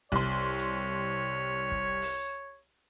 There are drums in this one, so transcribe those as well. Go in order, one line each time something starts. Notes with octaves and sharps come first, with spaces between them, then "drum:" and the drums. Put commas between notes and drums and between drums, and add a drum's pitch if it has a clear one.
C2 C#5 C6, drum: kick
drum: hi-hat
drum: kick
drum: open hi-hat